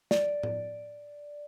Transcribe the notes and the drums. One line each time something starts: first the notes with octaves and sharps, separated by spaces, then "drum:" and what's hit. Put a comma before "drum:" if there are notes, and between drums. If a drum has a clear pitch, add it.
D5, drum: snare
drum: tom A2